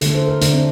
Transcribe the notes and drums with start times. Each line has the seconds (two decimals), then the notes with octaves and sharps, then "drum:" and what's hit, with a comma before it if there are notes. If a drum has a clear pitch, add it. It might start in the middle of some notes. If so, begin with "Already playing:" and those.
0.01 D3 A3 A4, drum: hi-hat
0.15 C5
0.27 A#4
0.41 D3 A3 D4, drum: hi-hat
0.53 C4